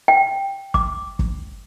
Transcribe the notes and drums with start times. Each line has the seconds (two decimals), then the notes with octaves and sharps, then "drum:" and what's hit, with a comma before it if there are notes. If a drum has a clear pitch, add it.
0.08 G5
0.74 D6, drum: kick
1.19 drum: kick